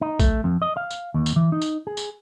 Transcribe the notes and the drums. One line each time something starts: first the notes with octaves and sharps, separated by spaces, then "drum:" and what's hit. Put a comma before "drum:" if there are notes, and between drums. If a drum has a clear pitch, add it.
D#4
A3, drum: kick, tambourine
F2
D#5
F5
drum: tambourine
D#2
drum: tambourine
E3
D#4
drum: tambourine
G#4
drum: tambourine